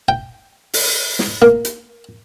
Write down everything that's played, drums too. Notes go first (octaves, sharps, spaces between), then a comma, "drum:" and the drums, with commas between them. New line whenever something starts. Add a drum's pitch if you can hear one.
G5
drum: open hi-hat
drum: snare
A#3
drum: hi-hat